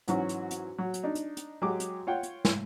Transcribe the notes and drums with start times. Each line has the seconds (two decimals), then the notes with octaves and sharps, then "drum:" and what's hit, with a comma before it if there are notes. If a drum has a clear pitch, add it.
0.08 G#2 E3 F#3 C#4 F#4, drum: hi-hat
0.29 drum: hi-hat
0.51 drum: hi-hat
0.78 F#3
0.94 drum: hi-hat
1.03 D4 D#4
1.15 drum: hi-hat
1.37 drum: hi-hat
1.62 F#3 G#3 G4 G#4 D6
1.80 drum: hi-hat
2.07 F4 C#5 F#5 G5
2.23 drum: hi-hat
2.45 drum: snare